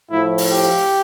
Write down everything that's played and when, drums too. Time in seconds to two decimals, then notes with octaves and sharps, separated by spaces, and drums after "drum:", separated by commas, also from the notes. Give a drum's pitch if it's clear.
0.10 A2 F3 E4
0.38 drum: open hi-hat
0.52 G4